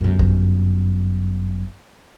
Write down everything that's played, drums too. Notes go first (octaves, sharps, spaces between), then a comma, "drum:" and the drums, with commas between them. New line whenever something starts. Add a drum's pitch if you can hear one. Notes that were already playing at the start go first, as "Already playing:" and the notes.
G1 F#2
drum: kick G#1